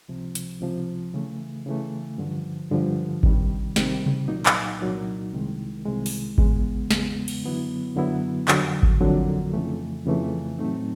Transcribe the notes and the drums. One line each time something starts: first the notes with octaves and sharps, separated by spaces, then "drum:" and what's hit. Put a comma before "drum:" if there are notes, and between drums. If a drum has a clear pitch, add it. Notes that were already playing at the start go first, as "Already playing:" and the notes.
C#2 C3 F3
drum: hi-hat
C#2 C3 F3
C#3 E3 A3
C#3 E3 A3
G2 D3 F3
G2 D3 F3
C3 D#3 G3, drum: kick G#1
C3 D#3 G3, drum: snare
drum: tom C3
C2 A#2 F#3 A#3 D#4
drum: clap
C2 A#2 F#3 A#3 D#4
C2 C3 D#3 G#3
C2 C3 D#3 G#3
drum: open hi-hat
E2 C#3 E3 G#3 B3, drum: kick G#1
E2 C#3 E3 G#3 B3, drum: snare
drum: cymbal
F#2 D3 F#3 B3 E4
F#2 D3 F#3 B3 E4
F2 D3 F#3 A#3, drum: clap
drum: kick G#1
F2 D3 F#3 A#3
F2 C#3 E3 A3
F2 C#3 E3 A3
A2 F#3 A3 C4 D#4